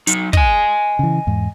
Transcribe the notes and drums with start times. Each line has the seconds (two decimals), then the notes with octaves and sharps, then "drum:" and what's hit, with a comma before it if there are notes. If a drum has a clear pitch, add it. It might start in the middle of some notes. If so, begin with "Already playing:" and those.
0.07 F#3 D#4, drum: hi-hat
0.33 D#5 G#5, drum: kick
0.99 C#3 E3
1.27 E2 G#2